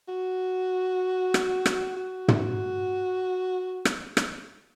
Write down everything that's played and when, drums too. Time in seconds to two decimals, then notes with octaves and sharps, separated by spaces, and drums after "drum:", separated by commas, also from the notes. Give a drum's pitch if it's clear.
0.09 F#4
1.34 drum: rim click
1.66 drum: rim click
1.97 F#4
2.28 drum: tom
3.85 drum: rim click
4.17 drum: rim click